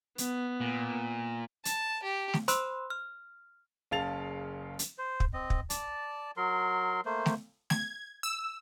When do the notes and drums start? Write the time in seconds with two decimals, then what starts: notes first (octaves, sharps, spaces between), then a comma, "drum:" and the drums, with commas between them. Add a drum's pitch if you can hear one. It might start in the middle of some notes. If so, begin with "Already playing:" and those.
0.18 B3, drum: hi-hat
0.61 A#2
1.65 A5, drum: hi-hat
2.03 G4
2.33 drum: snare A3
2.48 C5 B5 C6 E6 F#6, drum: hi-hat
2.90 F6
3.91 F#1 C#3 F5 A5 A6 F7
4.79 drum: hi-hat
4.98 C5
5.20 drum: kick
5.34 C4 D#5
5.50 drum: kick
5.70 D5 A5, drum: hi-hat
6.37 F#3 A#4 C6
7.05 A3 A#3 C5
7.26 drum: snare A3
7.70 G#6, drum: snare A3
8.23 E6